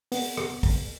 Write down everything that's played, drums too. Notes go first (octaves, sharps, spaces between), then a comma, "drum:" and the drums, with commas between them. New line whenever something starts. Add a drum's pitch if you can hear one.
B3, drum: open hi-hat
drum: rim click
drum: kick, open hi-hat